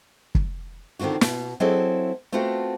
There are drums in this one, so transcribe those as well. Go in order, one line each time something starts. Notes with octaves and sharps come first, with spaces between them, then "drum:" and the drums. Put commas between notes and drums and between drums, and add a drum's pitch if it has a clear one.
drum: kick
D3 D#3 C4 F4 F#4
B2, drum: snare
F#3 C4 E4 G#4 A4 D#5
A3 B3 C4 F4 F#4 A4